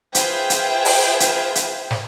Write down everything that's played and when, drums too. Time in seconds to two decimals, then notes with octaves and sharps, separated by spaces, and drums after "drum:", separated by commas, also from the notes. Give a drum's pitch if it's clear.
0.15 F4 G#4 B4 C5 E5 G5, drum: hi-hat
0.50 drum: hi-hat
0.85 drum: open hi-hat
1.20 drum: hi-hat
1.55 drum: hi-hat
1.91 drum: snare